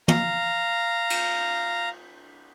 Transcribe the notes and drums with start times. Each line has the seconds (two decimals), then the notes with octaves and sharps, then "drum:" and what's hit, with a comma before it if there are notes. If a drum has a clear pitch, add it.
0.08 F5 A#5, drum: tom
1.10 drum: cymbal